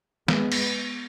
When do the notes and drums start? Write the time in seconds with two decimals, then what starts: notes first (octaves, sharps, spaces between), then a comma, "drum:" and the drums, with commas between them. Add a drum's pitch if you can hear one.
0.28 G#3 B3, drum: snare
0.52 drum: cymbal